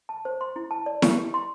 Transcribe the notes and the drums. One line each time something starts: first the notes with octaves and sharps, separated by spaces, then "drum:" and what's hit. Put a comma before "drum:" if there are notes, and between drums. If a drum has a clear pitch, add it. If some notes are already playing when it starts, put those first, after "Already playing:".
A5
C5
C6
E4
A5
D5
G4, drum: snare E4
G4
C6